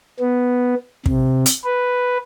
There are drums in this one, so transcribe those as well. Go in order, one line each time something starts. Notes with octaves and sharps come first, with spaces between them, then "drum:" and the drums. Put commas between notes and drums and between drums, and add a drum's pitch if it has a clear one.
B3
C3, drum: kick
drum: hi-hat
B4